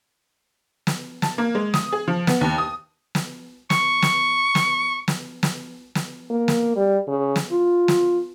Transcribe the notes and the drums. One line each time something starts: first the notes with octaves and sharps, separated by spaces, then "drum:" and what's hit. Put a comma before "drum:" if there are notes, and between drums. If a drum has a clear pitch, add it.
drum: snare
A5, drum: snare
A#3
G#3
D#6, drum: snare
G#4
F3
B3, drum: snare
D#2
D#6
drum: snare
C#6, drum: snare
drum: snare
drum: snare
drum: snare
drum: snare
drum: snare
A#3
drum: snare
G3
C#3
drum: snare
F4
drum: snare